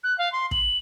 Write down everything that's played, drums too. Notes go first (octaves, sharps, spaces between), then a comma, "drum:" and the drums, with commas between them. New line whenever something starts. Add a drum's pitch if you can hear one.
F#6
F5
C6
F#7, drum: kick